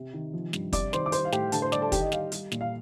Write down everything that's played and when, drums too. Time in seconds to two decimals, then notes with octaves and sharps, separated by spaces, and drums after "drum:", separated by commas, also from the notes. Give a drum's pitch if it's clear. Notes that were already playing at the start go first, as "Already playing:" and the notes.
Already playing: C3
0.13 D#3
0.33 F3
0.53 G2, drum: snare
0.73 C3 D5 D6, drum: kick, hi-hat
0.93 D#3 C5 C6, drum: snare
1.06 D6
1.12 G3 C5 C6, drum: hi-hat
1.25 F5
1.32 A2 G4 G5, drum: snare
1.52 D3 A4 A5, drum: hi-hat
1.62 C5 C6
1.72 G3 D5 D6, drum: snare
1.82 A4 A5
1.92 D#3 G4 G5, drum: kick, hi-hat
2.01 D#5
2.12 G3 F5, drum: snare
2.32 G3, drum: hi-hat
2.52 A#2, drum: snare
2.61 F5